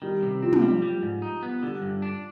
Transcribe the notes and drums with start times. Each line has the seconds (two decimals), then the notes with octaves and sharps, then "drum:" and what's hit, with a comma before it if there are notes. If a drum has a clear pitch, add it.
0.02 D#3 G3
0.23 C3
0.42 F3 C4
0.53 drum: tom
0.62 G3
0.82 G3
1.02 G#2
1.22 D#4
1.43 B3
1.63 D3 G3
1.82 G2
2.02 D4